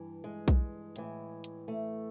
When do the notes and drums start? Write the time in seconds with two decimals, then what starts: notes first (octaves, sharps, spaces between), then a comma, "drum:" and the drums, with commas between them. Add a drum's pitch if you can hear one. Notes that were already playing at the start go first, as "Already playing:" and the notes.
Already playing: G2 E3
0.24 G#3
0.48 drum: kick B1, hi-hat
0.96 A2 E3, drum: hi-hat
1.44 drum: hi-hat
1.68 A3